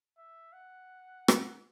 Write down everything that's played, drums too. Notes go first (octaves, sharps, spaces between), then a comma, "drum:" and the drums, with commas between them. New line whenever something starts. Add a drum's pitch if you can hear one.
E5
F#5
drum: rim click